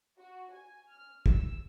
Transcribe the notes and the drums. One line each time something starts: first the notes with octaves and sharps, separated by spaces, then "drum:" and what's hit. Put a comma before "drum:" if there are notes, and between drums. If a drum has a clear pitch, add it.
F#4
G#5
F6
E6, drum: kick